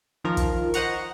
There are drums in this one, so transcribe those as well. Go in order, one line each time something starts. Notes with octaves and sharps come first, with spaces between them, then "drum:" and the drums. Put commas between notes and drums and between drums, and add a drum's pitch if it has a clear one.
D#3 F3 A#4
drum: kick, hi-hat
C5 D#5 F#5 A#5 C#6, drum: hi-hat